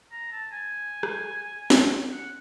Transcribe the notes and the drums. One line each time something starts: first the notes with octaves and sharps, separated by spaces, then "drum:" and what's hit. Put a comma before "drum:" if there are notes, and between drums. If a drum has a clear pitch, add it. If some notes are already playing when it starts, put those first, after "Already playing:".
A#5
A5
G#5
drum: rim click
drum: snare
F#5